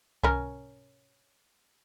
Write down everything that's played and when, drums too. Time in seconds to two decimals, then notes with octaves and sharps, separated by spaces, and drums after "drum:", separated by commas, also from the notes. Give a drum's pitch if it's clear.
0.23 C#4 A#4, drum: kick C2